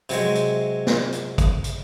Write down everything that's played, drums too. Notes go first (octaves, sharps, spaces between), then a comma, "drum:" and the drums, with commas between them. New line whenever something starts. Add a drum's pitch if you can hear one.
C3 F#3 G#3, drum: hi-hat
drum: hi-hat
drum: snare
drum: hi-hat
drum: kick, hi-hat
drum: hi-hat